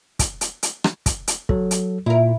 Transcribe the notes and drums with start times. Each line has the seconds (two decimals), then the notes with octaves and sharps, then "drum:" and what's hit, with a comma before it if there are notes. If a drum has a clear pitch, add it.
0.19 drum: kick, hi-hat
0.41 drum: hi-hat
0.63 drum: hi-hat
0.84 drum: rim click
1.06 drum: kick, hi-hat
1.28 drum: hi-hat
1.49 F#3 A4, drum: kick
1.71 drum: hi-hat
2.06 A#2 E4 A#4